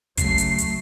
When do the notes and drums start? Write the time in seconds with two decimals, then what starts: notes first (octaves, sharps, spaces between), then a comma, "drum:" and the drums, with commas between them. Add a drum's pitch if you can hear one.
0.18 C#3 F#3 A3 C7, drum: kick, hi-hat
0.38 drum: hi-hat
0.59 drum: hi-hat